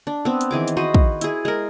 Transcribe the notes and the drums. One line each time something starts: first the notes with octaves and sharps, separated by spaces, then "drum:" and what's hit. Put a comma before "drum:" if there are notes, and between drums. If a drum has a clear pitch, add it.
D4
B3 C4
drum: hi-hat
D#3 E3 G#4 D6
drum: hi-hat
F#4 B4 C5 D#5
drum: kick
E4 G#4, drum: hi-hat
G#3 A#4